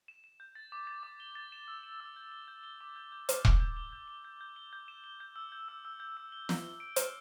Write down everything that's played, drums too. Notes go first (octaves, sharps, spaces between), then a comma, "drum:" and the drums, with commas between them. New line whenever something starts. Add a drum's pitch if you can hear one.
E7
E7
G6
A6
D6
A6
D6
G7
A6
E7
E6
E7
E6
G6
G7
G6
G7
D6
G6
G6
D6, drum: hi-hat
D6, drum: kick E1
G6
G7
G6
G7
G6
G6
G7
G6
E7
G7
G6
E6
G6
E6
E6
G6
E6
G7
G6, drum: snare
G7
D7
G6, drum: hi-hat